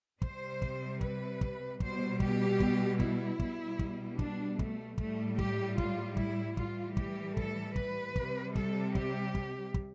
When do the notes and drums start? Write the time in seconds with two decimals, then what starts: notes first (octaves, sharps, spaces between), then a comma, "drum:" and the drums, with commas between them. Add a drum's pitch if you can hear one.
0.22 C3 G3 C5, drum: kick
0.62 drum: kick
1.01 B4, drum: kick
1.41 drum: kick
1.80 B2 G3 C5, drum: kick
2.20 G4, drum: kick
2.60 drum: kick
3.00 E4, drum: kick
3.39 B2 G3, drum: kick
3.79 drum: kick
4.19 D4, drum: kick
4.59 A3, drum: kick
4.98 A2 G3 A3, drum: kick
5.39 G4, drum: kick
5.78 F4, drum: kick
6.17 E4, drum: kick
6.57 A2 E3 G3 F4, drum: kick
6.97 G4, drum: kick
7.37 A4, drum: kick
7.76 B4, drum: kick
8.16 C3 G3, drum: kick
8.55 A4, drum: kick
8.95 G4, drum: kick
9.35 drum: kick
9.74 drum: kick